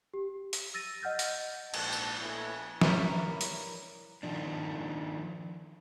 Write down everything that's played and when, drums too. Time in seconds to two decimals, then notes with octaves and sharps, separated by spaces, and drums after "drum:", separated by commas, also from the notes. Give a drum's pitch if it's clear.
0.14 G4
0.53 drum: hi-hat
0.74 E6 A6 A#6 D#7
1.02 D#5 F#5 F6 G6 A6
1.19 drum: hi-hat
1.74 A#1 G#2 D5 A5, drum: cymbal
1.93 drum: tambourine
2.20 A#1 A3 B3 E4 C#5 G#5
2.81 G3 A#3 E4 A#4 B4 C#5, drum: snare
3.41 drum: hi-hat
4.23 D#3 F3 D4